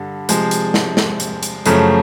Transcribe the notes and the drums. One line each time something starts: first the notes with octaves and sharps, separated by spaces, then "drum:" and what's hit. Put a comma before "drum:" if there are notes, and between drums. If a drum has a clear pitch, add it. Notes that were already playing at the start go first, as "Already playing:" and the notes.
Already playing: G2 D3
C3 F3 G#3, drum: hi-hat
drum: hi-hat
drum: snare
drum: snare
drum: hi-hat
drum: hi-hat
F#2 C#3 F3 A3, drum: hi-hat